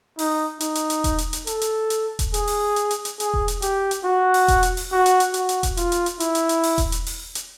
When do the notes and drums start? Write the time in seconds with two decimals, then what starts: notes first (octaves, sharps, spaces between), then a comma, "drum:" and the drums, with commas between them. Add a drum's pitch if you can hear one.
0.19 D#4, drum: open hi-hat
0.60 D#4, drum: hi-hat
0.75 drum: hi-hat
0.90 drum: hi-hat
1.04 drum: kick E1, hi-hat
1.18 drum: hi-hat
1.33 drum: hi-hat
1.47 A4, drum: hi-hat
1.61 drum: hi-hat
1.90 drum: hi-hat
2.19 drum: kick E1, hi-hat
2.34 G#4, drum: hi-hat
2.48 drum: open hi-hat
2.76 drum: hi-hat
2.91 drum: hi-hat
3.05 drum: hi-hat
3.20 G#4, drum: hi-hat
3.34 drum: kick E1
3.48 drum: hi-hat
3.62 G4, drum: hi-hat
3.91 drum: hi-hat
4.05 F#4
4.34 drum: open hi-hat
4.48 drum: kick E1, hi-hat
4.63 drum: hi-hat
4.77 drum: open hi-hat
4.92 F#4
5.06 drum: hi-hat
5.20 drum: hi-hat
5.34 F#4, drum: hi-hat
5.49 drum: hi-hat
5.63 drum: kick E1, hi-hat
5.77 F4, drum: hi-hat
5.92 drum: hi-hat
6.06 drum: hi-hat
6.20 E4, drum: hi-hat
6.35 drum: hi-hat
6.49 drum: hi-hat
6.63 drum: open hi-hat
6.78 drum: kick E1, hi-hat
6.92 drum: hi-hat
7.06 drum: open hi-hat
7.35 drum: hi-hat